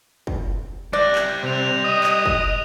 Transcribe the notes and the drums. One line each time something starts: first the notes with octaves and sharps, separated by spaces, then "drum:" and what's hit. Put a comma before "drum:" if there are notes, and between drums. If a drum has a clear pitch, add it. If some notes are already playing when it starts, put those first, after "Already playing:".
drum: kick
G3 D5 E5 F#6 A#6
drum: clap
C3 F#6 F7
D#5 D#6 D#7
drum: clap
drum: kick